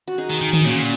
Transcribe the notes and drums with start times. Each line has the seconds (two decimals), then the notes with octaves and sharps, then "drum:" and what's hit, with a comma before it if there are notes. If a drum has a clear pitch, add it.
0.08 F#4
0.18 D#4 G#4
0.30 D#3
0.41 D#3
0.53 D#3, drum: tom D3
0.64 A#2 C#4 F#4
0.79 C#4